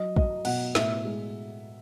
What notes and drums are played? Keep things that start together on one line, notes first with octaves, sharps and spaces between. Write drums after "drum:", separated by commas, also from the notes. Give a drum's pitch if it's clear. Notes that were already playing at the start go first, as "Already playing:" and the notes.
Already playing: F#3 D#5
F#3 D#5, drum: kick
B2 F#5, drum: cymbal
A2 E5, drum: snare
G#3